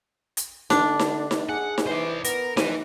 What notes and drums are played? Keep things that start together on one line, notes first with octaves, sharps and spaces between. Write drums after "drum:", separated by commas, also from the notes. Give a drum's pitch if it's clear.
drum: hi-hat
D3 D4, drum: snare D#4
drum: snare D#4
drum: snare D#4
G#4 F#5
drum: snare D#4
E3 C5 D5
B3 A#4, drum: hi-hat
F3 B4 G#5, drum: snare D#4